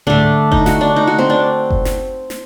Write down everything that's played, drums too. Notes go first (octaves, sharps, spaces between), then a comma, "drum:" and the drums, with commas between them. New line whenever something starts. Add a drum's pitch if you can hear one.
D3 A3 D4, drum: tom G#2
D#4, drum: kick F#1
F#4, drum: snare
D4
D#4
F#4
C4
D4
drum: kick F#1
drum: snare
drum: snare